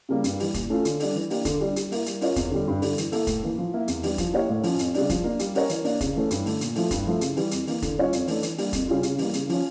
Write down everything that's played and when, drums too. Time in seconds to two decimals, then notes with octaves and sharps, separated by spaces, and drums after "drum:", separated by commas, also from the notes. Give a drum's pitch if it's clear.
0.09 C#3 G3 A#3
0.24 G2, drum: hi-hat
0.40 E3 G3, drum: open hi-hat
0.54 A#2, drum: kick, hi-hat
0.70 A3 C#4 F4
0.85 D3, drum: hi-hat
1.00 G3 D4 A4, drum: open hi-hat
1.15 E3
1.30 A#3 D4 G4, drum: open hi-hat
1.45 D3, drum: kick, hi-hat
1.61 G3 D4
1.76 G3, drum: hi-hat
1.92 A#3 E4 A#4, drum: open hi-hat
2.06 G3, drum: hi-hat
2.21 C#4 F4 A#4 C#5, drum: open hi-hat
2.36 E2, drum: kick, hi-hat
2.51 D3 G3 D4
2.67 G2
2.82 D3 G3, drum: open hi-hat
2.98 E3, drum: hi-hat
3.12 A#3 E4 A4, drum: open hi-hat
3.27 A2, drum: kick, hi-hat
3.43 E3 A#3
3.58 F3
3.74 A#3 E4
3.88 E2, drum: hi-hat
4.03 E3 G3 D4, drum: open hi-hat
4.18 F3, drum: kick, hi-hat
4.33 A#3 E4 G4 C#5
4.49 A2
4.63 F3 C#4, drum: open hi-hat
4.79 F2, drum: hi-hat
4.94 C#3 G3 D4, drum: open hi-hat
5.10 F3, drum: kick, hi-hat
5.24 A#3 D4
5.39 G3, drum: hi-hat
5.55 C#4 G4 A#4 C#5, drum: open hi-hat
5.69 E3, drum: hi-hat
5.85 A#3 D4, drum: open hi-hat
6.01 C#3, drum: kick, hi-hat
6.16 E3 A3 C#4
6.31 G2, drum: hi-hat
6.46 D3 A3, drum: open hi-hat
6.61 A#2, drum: hi-hat
6.75 F3 A3 E4, drum: open hi-hat
6.91 G2, drum: kick, hi-hat
7.07 F3 A3 E4
7.21 C#3, drum: hi-hat
7.37 E3 G3, drum: open hi-hat
7.51 F2, drum: hi-hat
7.67 E3 A#3, drum: open hi-hat
7.82 D3, drum: kick, hi-hat
7.98 G3 C#4 F4 C#5
8.13 F2, drum: hi-hat
8.28 E3 A3 D4, drum: open hi-hat
8.43 E3, drum: hi-hat
8.58 G3 A#3 D4, drum: open hi-hat
8.73 F2, drum: kick, hi-hat
8.88 C#3 G3 C#4 F4
9.03 C#3, drum: hi-hat
9.18 E3 G3 A#3, drum: open hi-hat
9.34 C#3, drum: hi-hat
9.49 F3 C#4, drum: open hi-hat